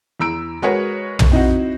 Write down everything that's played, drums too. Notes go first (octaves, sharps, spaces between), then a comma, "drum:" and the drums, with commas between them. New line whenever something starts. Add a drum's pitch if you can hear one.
E2 A#5 E6 D7
G#3 F#4 G#4 A#4 B4 C#5
drum: tom
C4 D#4 E4 F#4